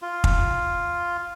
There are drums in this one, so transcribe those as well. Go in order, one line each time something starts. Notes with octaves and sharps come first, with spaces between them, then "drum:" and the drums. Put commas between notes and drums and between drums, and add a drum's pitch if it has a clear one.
F4
drum: kick